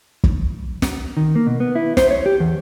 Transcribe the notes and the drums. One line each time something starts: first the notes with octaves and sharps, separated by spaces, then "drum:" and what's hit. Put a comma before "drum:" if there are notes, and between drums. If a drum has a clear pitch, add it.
drum: kick
drum: snare
D#3
A#3
B2
B3
E4
C5, drum: snare
C#5
G4
E2